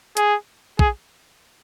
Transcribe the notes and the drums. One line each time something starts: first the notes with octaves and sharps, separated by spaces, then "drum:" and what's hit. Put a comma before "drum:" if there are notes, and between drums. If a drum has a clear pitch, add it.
G#4, drum: hi-hat
G#4, drum: kick